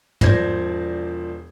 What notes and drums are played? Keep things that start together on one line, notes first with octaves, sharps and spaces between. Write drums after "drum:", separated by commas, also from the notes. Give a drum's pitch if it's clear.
E1 F3 C5 D5 G#6 A#6, drum: tom